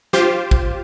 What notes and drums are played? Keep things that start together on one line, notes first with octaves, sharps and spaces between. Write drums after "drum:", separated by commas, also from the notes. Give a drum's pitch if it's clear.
F4 G4 C5, drum: snare
drum: kick